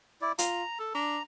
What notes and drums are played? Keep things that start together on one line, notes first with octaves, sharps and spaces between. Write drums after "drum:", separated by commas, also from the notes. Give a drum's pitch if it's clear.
E4 D5
F4 A#5, drum: hi-hat
A4
D4 A#5